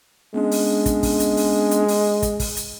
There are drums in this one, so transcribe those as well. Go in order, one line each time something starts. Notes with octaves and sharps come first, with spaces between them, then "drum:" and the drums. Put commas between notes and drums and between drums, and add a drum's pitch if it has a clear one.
G#3 B3 C#4 D4
drum: open hi-hat
drum: kick, hi-hat
drum: kick, open hi-hat
drum: hi-hat
drum: open hi-hat
drum: hi-hat
drum: open hi-hat
drum: kick, hi-hat
drum: kick, open hi-hat
drum: hi-hat